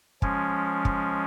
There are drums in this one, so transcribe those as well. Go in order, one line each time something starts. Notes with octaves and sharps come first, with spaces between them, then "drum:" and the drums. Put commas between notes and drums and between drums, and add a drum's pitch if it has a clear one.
F3 G#3 C#4, drum: kick
drum: kick